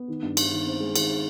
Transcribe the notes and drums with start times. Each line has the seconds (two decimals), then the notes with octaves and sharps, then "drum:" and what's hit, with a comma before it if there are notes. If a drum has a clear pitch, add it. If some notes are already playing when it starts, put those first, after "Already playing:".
Already playing: B3
0.08 D#3
0.23 G2
0.37 G2, drum: cymbal
0.52 D#3
0.66 C4
0.80 G#3
0.96 D#3, drum: cymbal